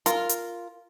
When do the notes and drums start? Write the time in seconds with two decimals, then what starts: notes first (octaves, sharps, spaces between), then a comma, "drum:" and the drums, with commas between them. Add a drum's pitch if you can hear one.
0.06 F4 A#4, drum: hi-hat
0.29 drum: hi-hat